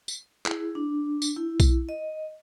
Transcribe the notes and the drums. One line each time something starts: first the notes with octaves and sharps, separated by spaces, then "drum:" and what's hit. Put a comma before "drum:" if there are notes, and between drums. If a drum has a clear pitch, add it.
drum: tambourine
E4 G#4, drum: clap
D4
drum: tambourine
E4
drum: kick B1, tambourine
D#5